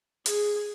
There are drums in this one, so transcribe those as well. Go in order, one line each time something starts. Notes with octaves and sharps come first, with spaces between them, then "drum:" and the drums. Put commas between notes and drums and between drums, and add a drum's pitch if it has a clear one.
G#4, drum: hi-hat